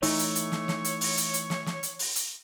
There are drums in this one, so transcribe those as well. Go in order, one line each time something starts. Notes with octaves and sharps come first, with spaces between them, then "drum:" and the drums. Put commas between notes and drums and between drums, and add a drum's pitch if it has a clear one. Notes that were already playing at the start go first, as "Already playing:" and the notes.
E3 A3 D#4 C#5, drum: open hi-hat
drum: hi-hat
drum: hi-hat
drum: snare
drum: snare
drum: hi-hat
drum: open hi-hat
drum: hi-hat
drum: hi-hat
drum: snare
drum: snare
drum: hi-hat
drum: open hi-hat
drum: hi-hat